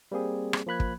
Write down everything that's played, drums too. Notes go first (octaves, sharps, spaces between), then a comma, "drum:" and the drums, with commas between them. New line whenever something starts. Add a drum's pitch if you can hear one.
G3 A#3 C4 G#4
drum: rim click
F3 A#3 B5 F#6 G#6
drum: kick